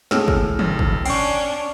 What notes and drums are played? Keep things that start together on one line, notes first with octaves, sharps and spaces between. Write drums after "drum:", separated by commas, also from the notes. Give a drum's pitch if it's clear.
A2 G#3 E6 F6, drum: snare
drum: kick
G#1, drum: tom
drum: kick
C#4 D4 G5 C#6 C7, drum: cymbal